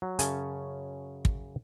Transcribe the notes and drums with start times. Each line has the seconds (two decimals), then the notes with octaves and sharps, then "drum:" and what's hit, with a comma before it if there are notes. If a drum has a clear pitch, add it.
0.02 F#3
0.19 F#2 C#3 C#4 C#5 G#5 A5, drum: hi-hat
1.25 drum: kick